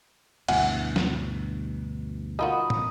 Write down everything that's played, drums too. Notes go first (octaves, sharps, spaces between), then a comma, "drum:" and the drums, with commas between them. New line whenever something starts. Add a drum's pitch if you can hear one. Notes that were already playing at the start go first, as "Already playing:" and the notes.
D2 G2 B2 E3 F#5 G#5, drum: cymbal
drum: snare
D#4 F4 F#4 A#4 B5 D#6
drum: tom